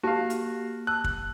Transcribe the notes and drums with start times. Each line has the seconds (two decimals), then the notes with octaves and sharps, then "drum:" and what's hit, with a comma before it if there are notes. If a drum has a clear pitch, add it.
0.03 A#3 F#4 G4 F5 A5
0.30 drum: hi-hat
0.87 A5 E6 F#6
1.04 drum: kick